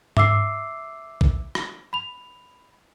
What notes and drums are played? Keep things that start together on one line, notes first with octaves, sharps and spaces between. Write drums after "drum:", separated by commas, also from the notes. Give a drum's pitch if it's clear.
E5 D6 E6 C7, drum: tom G#2
drum: kick A#1
drum: rim click
B5 F7